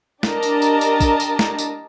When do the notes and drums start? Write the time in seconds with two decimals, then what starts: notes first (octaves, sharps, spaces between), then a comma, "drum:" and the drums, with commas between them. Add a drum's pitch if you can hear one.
0.23 D4 G4 A#4 D#5 A5 A#5, drum: snare
0.42 drum: tambourine
0.62 drum: tambourine
0.81 drum: tambourine
1.00 drum: kick, tambourine
1.20 drum: tambourine
1.39 drum: snare
1.59 drum: tambourine